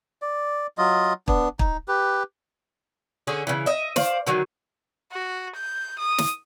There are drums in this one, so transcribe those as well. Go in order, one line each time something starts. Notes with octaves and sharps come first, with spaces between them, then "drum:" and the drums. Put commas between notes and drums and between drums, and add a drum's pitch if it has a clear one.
D5
F#3 F4 D#5
B3 D4, drum: kick
D#4, drum: kick
G4 B4
D3 C#4 G#4
C#3 E3
D#5 E5
C5 D5 F5, drum: snare
D3 D#3 F#3
F#4
G6
D#6
drum: snare